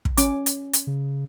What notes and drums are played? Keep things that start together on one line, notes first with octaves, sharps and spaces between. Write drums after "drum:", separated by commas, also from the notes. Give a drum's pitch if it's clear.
drum: kick
C#4 D6, drum: hi-hat
drum: hi-hat
drum: hi-hat
C#3